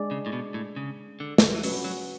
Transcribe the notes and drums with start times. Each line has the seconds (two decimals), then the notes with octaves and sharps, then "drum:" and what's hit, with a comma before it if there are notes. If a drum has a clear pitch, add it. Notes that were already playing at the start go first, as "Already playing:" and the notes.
Already playing: G#3 D4 G#4 D5
0.11 C#3
0.26 A2
0.33 B2
0.54 A2
0.76 C#3
1.20 D3
1.38 drum: snare
1.55 E3
1.63 F#3 C#4 F#4 B4, drum: open hi-hat
1.84 F#3